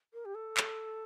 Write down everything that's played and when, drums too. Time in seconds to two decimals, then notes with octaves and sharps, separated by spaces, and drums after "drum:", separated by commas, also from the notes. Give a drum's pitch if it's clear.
0.14 A#4
0.25 G4
0.35 A4
0.57 drum: clap